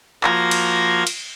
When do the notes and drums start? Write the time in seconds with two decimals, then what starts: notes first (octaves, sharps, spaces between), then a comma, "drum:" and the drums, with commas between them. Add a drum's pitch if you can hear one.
0.24 F3 A#3 F4 F#4 G#6 A#6, drum: clap
0.51 drum: cymbal
1.07 drum: cymbal